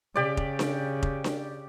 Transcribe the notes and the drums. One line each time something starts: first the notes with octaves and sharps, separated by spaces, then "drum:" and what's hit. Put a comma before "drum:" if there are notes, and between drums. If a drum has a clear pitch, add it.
C#3 G4 D5
drum: kick F1
drum: snare D4
drum: kick F1
drum: snare D4